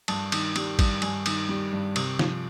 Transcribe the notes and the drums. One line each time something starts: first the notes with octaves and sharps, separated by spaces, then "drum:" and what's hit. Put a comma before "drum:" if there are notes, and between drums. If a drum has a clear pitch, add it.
G2 A5, drum: cymbal
D#3, drum: cymbal
G3, drum: cymbal
G2, drum: kick G#1, cymbal
G2 G#5, drum: cymbal
D#3, drum: cymbal
G3
G2
C3, drum: cymbal
F3, drum: snare